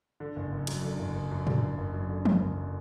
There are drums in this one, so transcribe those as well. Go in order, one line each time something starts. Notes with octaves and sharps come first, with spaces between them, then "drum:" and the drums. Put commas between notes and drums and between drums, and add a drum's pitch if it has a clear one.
D3
F#1
F#1
F#2, drum: cymbal
D3
F#1
F#1
F#2
D3, drum: tom A2
F#1
F#1
F#2
D3
F#1, drum: tom E3
F#1